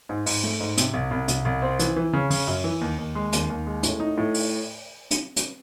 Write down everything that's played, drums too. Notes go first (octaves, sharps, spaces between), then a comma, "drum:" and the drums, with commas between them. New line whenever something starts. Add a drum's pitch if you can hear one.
G#2
G#2, drum: open hi-hat
A3
G#2
C3, drum: hi-hat
C2
C2
C2, drum: hi-hat
C2
C4
E3, drum: hi-hat
E3
C#3
C#3, drum: open hi-hat
F#2
E3
D#2
D#2
G#3
D#2, drum: hi-hat
D#2
G#3
A2, drum: hi-hat
D#4
A2
drum: open hi-hat
drum: hi-hat
drum: hi-hat